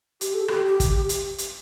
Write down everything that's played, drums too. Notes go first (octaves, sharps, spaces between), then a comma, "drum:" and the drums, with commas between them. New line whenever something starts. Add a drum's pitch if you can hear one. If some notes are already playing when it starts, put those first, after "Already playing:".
G4, drum: hi-hat
A4
G4, drum: rim click
G4
drum: kick, hi-hat
drum: hi-hat
drum: hi-hat